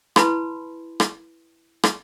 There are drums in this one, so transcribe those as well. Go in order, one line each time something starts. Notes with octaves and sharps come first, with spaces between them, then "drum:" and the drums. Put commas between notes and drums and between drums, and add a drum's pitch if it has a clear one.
E4 B4 A5 B5 C6, drum: rim click
drum: rim click
drum: rim click